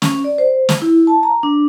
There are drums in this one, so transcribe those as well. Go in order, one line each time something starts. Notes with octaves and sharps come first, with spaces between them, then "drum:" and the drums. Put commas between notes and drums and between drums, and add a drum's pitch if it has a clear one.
C#4, drum: snare
D5
C5
drum: snare
E4
A5
A#5
D4